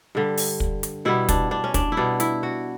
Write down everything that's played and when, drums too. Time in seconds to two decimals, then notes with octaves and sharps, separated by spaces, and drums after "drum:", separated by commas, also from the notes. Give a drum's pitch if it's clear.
0.15 G2 D3 G3
0.37 drum: open hi-hat
0.60 drum: kick
0.83 drum: hi-hat
1.05 B2 G3 B3 E4
1.29 D4, drum: kick, hi-hat
1.51 D4
1.64 C#4
1.74 D4, drum: kick, hi-hat
1.92 E4
1.97 B2 G3 B3 D4
2.20 E4, drum: hi-hat
2.43 F#4